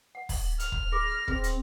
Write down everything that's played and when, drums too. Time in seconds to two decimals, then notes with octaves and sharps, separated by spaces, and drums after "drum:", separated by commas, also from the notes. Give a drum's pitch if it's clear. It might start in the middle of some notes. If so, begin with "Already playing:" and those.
0.15 F#5
0.29 drum: kick, open hi-hat
0.60 F6, drum: hi-hat
0.72 drum: kick
0.92 G#4 B5 D6 A#6
1.28 C4 G#4, drum: kick
1.44 drum: hi-hat